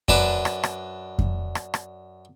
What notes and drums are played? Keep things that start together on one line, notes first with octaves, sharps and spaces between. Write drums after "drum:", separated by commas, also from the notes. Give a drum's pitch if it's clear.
F#2 D4 B4 A5 D6, drum: kick F2
drum: rim click
drum: rim click
drum: kick F2
drum: rim click
drum: rim click